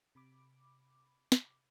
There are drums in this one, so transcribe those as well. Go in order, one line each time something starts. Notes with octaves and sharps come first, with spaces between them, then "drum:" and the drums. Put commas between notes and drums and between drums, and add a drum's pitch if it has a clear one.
C3 B5 D6
drum: snare